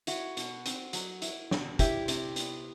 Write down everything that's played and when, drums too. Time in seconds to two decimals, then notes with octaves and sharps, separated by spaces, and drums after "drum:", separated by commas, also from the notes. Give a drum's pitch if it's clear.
0.07 E4 F#4, drum: hi-hat
0.37 B2, drum: hi-hat
0.66 C4, drum: hi-hat
0.93 F#3, drum: hi-hat
1.22 E4, drum: hi-hat
1.51 B2, drum: snare
1.79 D4 E4 G4, drum: kick, hi-hat
2.08 C3, drum: hi-hat
2.36 B3, drum: hi-hat